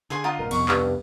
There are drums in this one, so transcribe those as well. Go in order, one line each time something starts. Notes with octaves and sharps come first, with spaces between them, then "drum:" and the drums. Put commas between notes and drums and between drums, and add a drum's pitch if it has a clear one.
D3 G#4 G#5 C6
F4 D#5 F5 F#5 A#5
B1 G2 A#2 A#4
C2 F2 F3 B3 C#6, drum: cymbal
G2, drum: clap